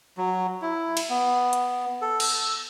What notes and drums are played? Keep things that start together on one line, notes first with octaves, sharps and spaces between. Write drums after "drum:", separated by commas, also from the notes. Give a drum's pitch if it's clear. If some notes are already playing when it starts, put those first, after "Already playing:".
F#3
E4
drum: cymbal
B3
drum: hi-hat
A4
E6, drum: cymbal